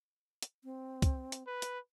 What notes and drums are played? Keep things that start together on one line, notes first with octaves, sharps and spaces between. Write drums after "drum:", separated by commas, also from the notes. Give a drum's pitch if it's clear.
drum: hi-hat
C4
drum: kick, hi-hat
drum: hi-hat
B4
drum: hi-hat